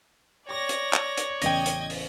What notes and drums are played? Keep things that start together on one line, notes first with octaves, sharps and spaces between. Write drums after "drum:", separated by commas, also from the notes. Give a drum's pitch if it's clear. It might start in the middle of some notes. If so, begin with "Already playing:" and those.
C#5 D5 G5 D6 A#6
drum: hi-hat
drum: clap
drum: hi-hat
A1 E2 C#3 D#5 G5 G#6 A#6, drum: hi-hat
drum: hi-hat
drum: open hi-hat